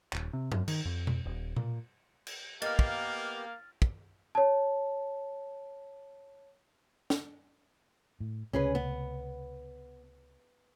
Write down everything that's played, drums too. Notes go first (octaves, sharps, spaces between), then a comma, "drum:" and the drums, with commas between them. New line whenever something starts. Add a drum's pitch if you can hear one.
D#1, drum: clap
C3
F#2, drum: tom G2
D#3, drum: cymbal
F2
drum: tom B2
D#1
A#2, drum: tom B2
drum: cymbal
A#3 B3 G4 A#4 D#5 F5 F6 A6, drum: cymbal
drum: kick
drum: kick
C#5 A5
drum: snare
A2
C#2 C3 C#4 G#4 B4
B3